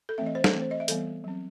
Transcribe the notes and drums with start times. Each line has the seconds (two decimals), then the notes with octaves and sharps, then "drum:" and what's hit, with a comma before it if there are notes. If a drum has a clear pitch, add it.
0.09 A4
0.18 E3 A3 C4 E5
0.26 D#5
0.35 C5
0.44 A4, drum: snare
0.53 E3 A3 C4
0.62 C5
0.71 D#5
0.80 E5
0.88 E3 G3 B3 A4, drum: hi-hat
1.24 F#3 C4